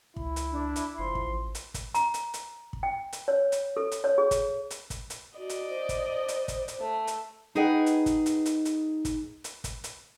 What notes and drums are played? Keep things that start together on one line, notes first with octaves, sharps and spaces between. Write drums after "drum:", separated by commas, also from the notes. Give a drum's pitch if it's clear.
C#2 E4, drum: kick
drum: hi-hat
D4
drum: hi-hat
F#1 F3 C6
drum: kick
A1
drum: hi-hat
drum: kick, hi-hat
A#5, drum: hi-hat
drum: hi-hat
drum: hi-hat
drum: kick
G5
drum: hi-hat
C#5
drum: hi-hat
A4
drum: hi-hat
C#5
G#4
drum: kick, hi-hat
drum: hi-hat
drum: kick, hi-hat
drum: hi-hat
F#4 D5 D#5
drum: hi-hat
C5
drum: kick, hi-hat
drum: hi-hat
drum: kick, hi-hat
drum: hi-hat
A3
drum: hi-hat
D#4 G#4 B4 D#5 F#5 G5
drum: hi-hat
drum: kick, hi-hat
drum: hi-hat
drum: hi-hat
drum: hi-hat
drum: kick, hi-hat
drum: hi-hat
drum: kick, hi-hat
drum: hi-hat